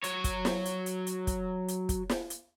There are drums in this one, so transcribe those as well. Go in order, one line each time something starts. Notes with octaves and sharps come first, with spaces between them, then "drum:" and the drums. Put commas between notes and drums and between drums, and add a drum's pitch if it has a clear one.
F#3 C#5, drum: hi-hat
drum: kick, hi-hat
drum: snare
drum: hi-hat
drum: hi-hat
drum: hi-hat
drum: kick, hi-hat
drum: hi-hat
drum: kick, hi-hat
drum: snare
drum: hi-hat